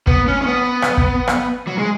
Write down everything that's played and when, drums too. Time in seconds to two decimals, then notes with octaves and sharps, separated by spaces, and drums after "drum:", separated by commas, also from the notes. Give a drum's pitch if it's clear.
0.07 B3, drum: kick
0.28 C#4
0.42 C#4
0.47 B3
0.82 drum: rim click
0.97 drum: kick
1.27 drum: rim click
1.67 F#3
1.78 G#3